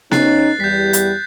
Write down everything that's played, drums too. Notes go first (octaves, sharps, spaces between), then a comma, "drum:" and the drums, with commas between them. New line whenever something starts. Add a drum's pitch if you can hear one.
C#3 C#4 D#4 F#6 A6 C7, drum: snare B3
E2 G3 G4 G6 B6
drum: hi-hat